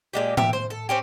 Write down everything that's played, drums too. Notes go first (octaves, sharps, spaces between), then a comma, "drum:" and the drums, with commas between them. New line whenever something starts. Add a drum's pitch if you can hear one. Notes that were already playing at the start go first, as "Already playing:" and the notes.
A#2 G#3 G4
G4 E5, drum: tom A2
C5
A4
C4 C#4 G4